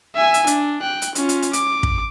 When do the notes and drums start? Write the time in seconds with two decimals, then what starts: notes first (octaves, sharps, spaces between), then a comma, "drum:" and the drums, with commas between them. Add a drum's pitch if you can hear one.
0.16 E5 G#5
0.34 drum: hi-hat
0.47 D4, drum: hi-hat
0.81 G5 F#6
1.02 drum: hi-hat
1.15 C#4 F4, drum: hi-hat
1.29 drum: hi-hat
1.42 drum: hi-hat
1.53 D6, drum: hi-hat
1.83 drum: kick